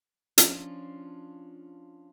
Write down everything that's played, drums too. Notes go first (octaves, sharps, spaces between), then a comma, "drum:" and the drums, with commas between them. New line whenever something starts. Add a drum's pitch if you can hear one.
F3 C#4 D4 F4, drum: hi-hat